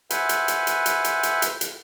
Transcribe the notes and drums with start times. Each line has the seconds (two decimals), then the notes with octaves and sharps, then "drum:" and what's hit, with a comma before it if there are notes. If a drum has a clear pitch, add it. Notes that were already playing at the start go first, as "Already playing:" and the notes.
0.10 B4 C5 E5 F#5 G#5, drum: hi-hat
0.29 drum: hi-hat
0.48 drum: hi-hat
0.67 drum: hi-hat
0.86 drum: hi-hat
1.04 drum: hi-hat
1.23 drum: hi-hat
1.42 drum: hi-hat
1.61 drum: hi-hat